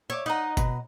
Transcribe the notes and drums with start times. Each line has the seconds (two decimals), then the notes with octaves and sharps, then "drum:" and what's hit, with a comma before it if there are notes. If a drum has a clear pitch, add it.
0.10 C#5 E5 D6
0.26 D#4 D#5 F#5 A#5
0.57 B2, drum: kick G1, tambourine